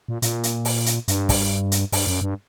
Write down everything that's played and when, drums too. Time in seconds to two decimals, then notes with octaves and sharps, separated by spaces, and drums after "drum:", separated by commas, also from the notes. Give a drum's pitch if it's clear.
0.08 A#2
0.22 A#2, drum: hi-hat
0.43 drum: hi-hat
0.65 drum: open hi-hat
0.86 drum: hi-hat
1.08 G2, drum: hi-hat
1.29 drum: kick, open hi-hat
1.72 drum: hi-hat
1.92 G2, drum: open hi-hat
2.07 F#2
2.21 G2